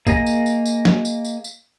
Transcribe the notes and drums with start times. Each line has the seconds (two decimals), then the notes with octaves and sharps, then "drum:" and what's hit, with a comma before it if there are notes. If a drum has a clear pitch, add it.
0.07 A#3 G#4 D#5 G#5 A#5, drum: kick B1, tambourine
0.26 drum: tambourine
0.46 drum: tambourine
0.66 drum: tambourine
0.85 drum: snare
1.05 drum: tambourine
1.25 drum: tambourine
1.44 drum: tambourine